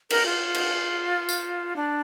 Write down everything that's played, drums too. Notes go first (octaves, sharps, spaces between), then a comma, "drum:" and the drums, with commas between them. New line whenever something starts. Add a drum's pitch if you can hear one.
A#4, drum: cymbal
F4
drum: cymbal
drum: tambourine
D4